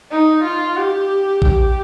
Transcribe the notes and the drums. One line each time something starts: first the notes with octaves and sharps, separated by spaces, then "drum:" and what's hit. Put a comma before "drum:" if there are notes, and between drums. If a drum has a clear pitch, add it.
D#4
F4
G4
G4, drum: kick A#1